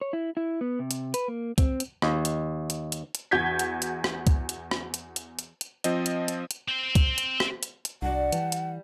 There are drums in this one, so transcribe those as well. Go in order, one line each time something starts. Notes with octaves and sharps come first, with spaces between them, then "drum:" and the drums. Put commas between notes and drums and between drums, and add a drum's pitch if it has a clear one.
C#5
E4
E4
B3
C3
drum: hi-hat
B4, drum: hi-hat
A#3
C4, drum: kick, hi-hat
drum: hi-hat
D#2, drum: rim click
drum: hi-hat
drum: hi-hat
drum: hi-hat
drum: hi-hat
E2 F#4 G6 G#6 B6
drum: hi-hat
drum: hi-hat
drum: rim click
drum: kick, hi-hat
drum: hi-hat
drum: rim click
drum: hi-hat
drum: hi-hat
drum: hi-hat
drum: hi-hat
F3 C4 D#5, drum: hi-hat
drum: hi-hat
drum: hi-hat
drum: hi-hat
C4 C5
drum: kick, hi-hat
drum: hi-hat
drum: rim click
drum: hi-hat
drum: hi-hat
C2 D4 F#4 D5 F#5
E3 G3 A5, drum: hi-hat
drum: hi-hat